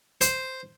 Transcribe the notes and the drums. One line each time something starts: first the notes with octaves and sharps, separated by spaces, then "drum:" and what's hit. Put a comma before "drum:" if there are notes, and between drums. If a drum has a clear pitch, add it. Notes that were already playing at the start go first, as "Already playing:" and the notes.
C5, drum: hi-hat